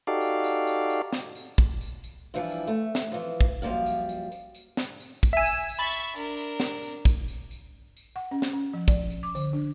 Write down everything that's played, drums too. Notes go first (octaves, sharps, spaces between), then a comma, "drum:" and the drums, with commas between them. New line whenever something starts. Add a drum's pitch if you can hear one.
D#4 F#4 G4 A4 D5 F5
drum: tambourine
drum: tambourine
drum: tambourine
drum: tambourine
drum: snare
drum: tambourine
drum: kick, tambourine
drum: tambourine
drum: tambourine
E3 F3 G3 D4 E4
drum: tambourine
A3
drum: snare
E3 F3
drum: kick
F#2 F3 G3 A#3 F5
drum: tambourine
drum: tambourine
drum: tambourine
drum: tambourine
drum: snare
drum: tambourine
drum: kick, tambourine
E5 G#5 E6
drum: tambourine
drum: tambourine
E5 B5 C#6 A6
drum: tambourine
D4 A#4, drum: tambourine
drum: tambourine
drum: snare
drum: tambourine
drum: kick, tambourine
drum: tambourine
drum: tambourine
drum: tambourine
F#5
C#4
drum: snare
C#4
F3
D5, drum: kick, tambourine
drum: tambourine
D6
D3, drum: tambourine
D4